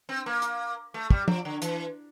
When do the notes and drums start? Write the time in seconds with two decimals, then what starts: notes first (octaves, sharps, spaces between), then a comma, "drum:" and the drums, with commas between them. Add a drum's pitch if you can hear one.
0.09 C4
0.26 A#3
0.42 drum: hi-hat
0.94 A3
1.10 G3, drum: kick
1.28 F3, drum: tom F3
1.45 D3
1.62 E3, drum: hi-hat